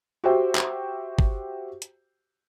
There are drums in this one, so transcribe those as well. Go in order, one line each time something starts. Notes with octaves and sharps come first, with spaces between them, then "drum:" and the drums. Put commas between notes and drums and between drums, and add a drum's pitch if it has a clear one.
F#4 G4 C5 E5 G5
drum: clap
drum: kick
drum: hi-hat